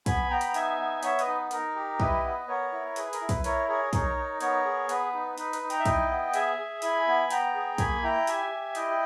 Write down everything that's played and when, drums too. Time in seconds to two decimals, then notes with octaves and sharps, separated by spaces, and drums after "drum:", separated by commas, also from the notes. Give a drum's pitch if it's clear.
0.06 B3 G#5 B5, drum: kick, hi-hat
0.30 B3 G5 A#5
0.41 B5, drum: hi-hat
0.48 A#5
0.54 D#4 E5 G#5, drum: hi-hat
0.80 B3
1.03 B3 C#5 E5, drum: hi-hat
1.19 B4 D#5, drum: hi-hat
1.27 D#4
1.51 D#4 A#4, drum: hi-hat
1.76 G4
2.00 E4 B4 D#5, drum: kick
2.24 B3
2.48 B3 A#4 C#5
2.72 E4
2.96 G#4 B4, drum: hi-hat
3.13 A#4, drum: hi-hat
3.21 E4
3.29 B4, drum: kick, hi-hat
3.44 E4 A#4 C#5, drum: hi-hat
3.68 G#4 A#4 C#5
3.93 D#4 A#4 C#5, drum: kick, hi-hat
4.17 D#4
4.40 B3 A#4 C#5, drum: hi-hat
4.65 G#4
4.89 B3 B4, drum: hi-hat
5.14 D#4
5.38 D#4 B4, drum: hi-hat
5.53 B4, drum: hi-hat
5.62 D#4
5.70 G5 A#5, drum: hi-hat
5.79 E5
5.85 E4 D#5 G5, drum: kick, hi-hat
6.10 B3
6.34 G#4 E5 G#5, drum: hi-hat
6.59 G#4
6.82 E4 G#5 B5, drum: hi-hat
7.07 B3
7.30 B3 G5 A#5, drum: hi-hat
7.54 G#4
7.78 A#3 G#5 B5, drum: kick, hi-hat
8.03 E4 G5 A#5
8.27 G4 E5 G#5, drum: hi-hat
8.52 G4
8.75 E4 D#5 G5, drum: hi-hat